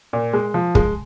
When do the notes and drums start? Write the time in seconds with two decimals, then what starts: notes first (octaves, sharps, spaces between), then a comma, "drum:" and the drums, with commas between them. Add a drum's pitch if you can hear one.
0.13 A#2
0.34 G#3
0.54 F3
0.75 G#3, drum: kick